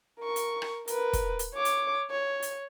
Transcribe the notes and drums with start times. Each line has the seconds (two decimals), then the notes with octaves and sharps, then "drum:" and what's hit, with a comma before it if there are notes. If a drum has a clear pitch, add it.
0.20 A#4 C#6
0.36 drum: hi-hat
0.62 drum: rim click
0.88 A#4 B4, drum: hi-hat
1.13 drum: kick, hi-hat
1.39 drum: hi-hat
1.54 C#5 D6
1.65 drum: hi-hat
2.10 C#5
2.42 drum: hi-hat